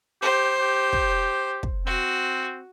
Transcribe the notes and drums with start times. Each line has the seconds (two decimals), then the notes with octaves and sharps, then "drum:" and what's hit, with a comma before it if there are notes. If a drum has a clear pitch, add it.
0.22 G4 C5
0.60 G4
0.93 drum: kick
1.63 drum: kick
1.86 C4 F#4